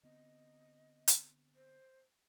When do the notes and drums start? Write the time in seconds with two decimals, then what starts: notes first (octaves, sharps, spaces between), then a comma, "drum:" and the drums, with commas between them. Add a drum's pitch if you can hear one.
0.03 D3 B3 C4 D#5
1.08 drum: hi-hat
1.56 C5